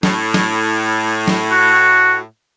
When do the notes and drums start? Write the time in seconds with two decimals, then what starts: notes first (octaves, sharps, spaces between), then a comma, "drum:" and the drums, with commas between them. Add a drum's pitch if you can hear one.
0.03 A2, drum: snare
0.34 drum: snare
1.28 drum: snare
1.51 F#4